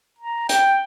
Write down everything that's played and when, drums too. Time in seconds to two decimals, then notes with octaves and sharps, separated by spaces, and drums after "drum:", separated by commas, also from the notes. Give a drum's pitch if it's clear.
0.19 A#5
0.49 G5, drum: hi-hat